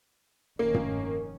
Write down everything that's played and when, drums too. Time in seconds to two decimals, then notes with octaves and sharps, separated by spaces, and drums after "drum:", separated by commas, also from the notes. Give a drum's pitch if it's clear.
0.59 F1 D#3 A#3 C#4
0.74 drum: tom